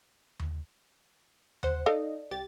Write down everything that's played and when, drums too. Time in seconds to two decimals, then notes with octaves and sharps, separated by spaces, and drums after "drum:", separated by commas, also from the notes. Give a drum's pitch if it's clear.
0.39 drum: tom D#2
1.63 C5 F#5, drum: tom D#2
1.86 D#4 A4 D5 D#5 F5
2.31 C2 G4 A6